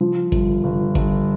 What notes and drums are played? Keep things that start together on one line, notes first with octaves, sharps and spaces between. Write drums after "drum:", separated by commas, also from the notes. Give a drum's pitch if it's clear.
F3
G1, drum: kick G#1, hi-hat
G1
G1, drum: kick G#1, hi-hat